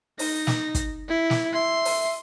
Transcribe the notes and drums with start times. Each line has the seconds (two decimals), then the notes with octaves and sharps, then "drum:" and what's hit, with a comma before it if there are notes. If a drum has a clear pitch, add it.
0.19 D#4 A#6, drum: open hi-hat
0.47 drum: snare
0.75 drum: kick, hi-hat
1.09 E4
1.30 drum: snare
1.53 E5 C6
1.85 drum: open hi-hat